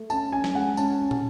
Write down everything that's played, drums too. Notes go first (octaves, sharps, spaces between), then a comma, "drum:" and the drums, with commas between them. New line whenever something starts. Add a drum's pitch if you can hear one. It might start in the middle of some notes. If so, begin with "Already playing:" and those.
Already playing: A3
C#4 A5, drum: tambourine
C#4 G#5
drum: snare
G#3 F#5
C#4 A5, drum: tambourine
C#4
drum: tom